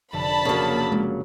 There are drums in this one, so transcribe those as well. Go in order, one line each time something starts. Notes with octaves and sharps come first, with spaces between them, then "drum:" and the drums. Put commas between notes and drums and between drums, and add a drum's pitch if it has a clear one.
F1 D3 E5 A5 B5
C#3 F#3 A#3
drum: tom G#3